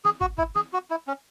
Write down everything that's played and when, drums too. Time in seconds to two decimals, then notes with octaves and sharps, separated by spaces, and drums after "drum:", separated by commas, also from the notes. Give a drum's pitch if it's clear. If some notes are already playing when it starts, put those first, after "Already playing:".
0.05 G#4, drum: snare
0.21 F#4, drum: kick
0.38 E4, drum: kick
0.56 G#4, drum: snare
0.73 F#4
0.91 E4
1.08 C#4